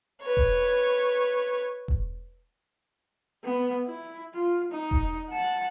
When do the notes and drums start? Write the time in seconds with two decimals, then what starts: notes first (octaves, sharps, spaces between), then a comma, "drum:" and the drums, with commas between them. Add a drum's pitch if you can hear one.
0.22 B4 C#5
0.37 drum: kick E1
1.88 drum: kick E1
3.45 B3
3.87 E4
4.34 F4
4.72 D#4
4.91 drum: kick E1
5.29 F#5 A5